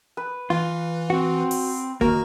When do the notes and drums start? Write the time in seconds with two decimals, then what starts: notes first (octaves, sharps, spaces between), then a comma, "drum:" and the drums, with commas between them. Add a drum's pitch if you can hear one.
0.17 B4
0.50 E3 F4
1.10 C4 F#4
1.51 drum: open hi-hat
2.01 D#2 A#3 F#4 A#4, drum: kick F#1